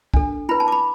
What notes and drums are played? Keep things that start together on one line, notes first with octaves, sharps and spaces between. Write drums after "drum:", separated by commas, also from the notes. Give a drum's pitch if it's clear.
D4 A4, drum: kick
E4 B4 B5
A5
D6
B5